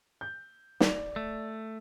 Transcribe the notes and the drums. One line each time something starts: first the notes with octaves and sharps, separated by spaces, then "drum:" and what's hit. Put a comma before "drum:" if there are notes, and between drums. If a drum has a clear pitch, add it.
G6
D5 F7, drum: snare
A3